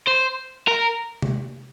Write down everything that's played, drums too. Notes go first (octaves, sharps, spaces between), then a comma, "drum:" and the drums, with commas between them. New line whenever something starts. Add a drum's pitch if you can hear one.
C5
A#4
drum: tom C3